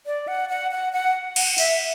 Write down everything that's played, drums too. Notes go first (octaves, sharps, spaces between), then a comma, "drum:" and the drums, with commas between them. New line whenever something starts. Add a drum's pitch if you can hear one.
D5
F#5
F#5
F#5
F#5
F#5, drum: cymbal
E5, drum: open hi-hat